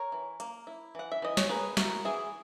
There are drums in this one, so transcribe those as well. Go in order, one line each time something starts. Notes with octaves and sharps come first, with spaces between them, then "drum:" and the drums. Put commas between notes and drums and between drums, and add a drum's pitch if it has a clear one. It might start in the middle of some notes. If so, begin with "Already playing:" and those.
Already playing: A#4 C#5
E3
A#3, drum: hi-hat
E4
E3 F#5
E5
E3 D#5
C#5, drum: snare
A#3 G#4 B4
E4 F#4 A#4, drum: snare
E3 E4 G#4